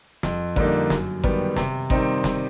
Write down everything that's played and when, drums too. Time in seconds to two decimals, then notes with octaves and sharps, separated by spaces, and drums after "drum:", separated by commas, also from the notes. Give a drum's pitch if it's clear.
0.23 F2, drum: snare
0.56 D3 G3 A#3 D#4, drum: kick G#1
0.90 F#2, drum: snare
1.23 D#3 G3 B3, drum: kick G#1
1.56 C3, drum: snare
1.90 D#3 G3 C4 D#4, drum: kick G#1
2.24 drum: snare